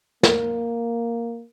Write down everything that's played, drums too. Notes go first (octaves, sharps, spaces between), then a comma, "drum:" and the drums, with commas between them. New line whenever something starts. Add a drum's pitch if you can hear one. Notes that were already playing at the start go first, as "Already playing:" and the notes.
A#3 A#4, drum: snare